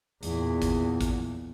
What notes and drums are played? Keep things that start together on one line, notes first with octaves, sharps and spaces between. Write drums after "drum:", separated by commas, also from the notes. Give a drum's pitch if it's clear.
E2 A#2, drum: hi-hat
drum: kick, hi-hat
drum: kick, hi-hat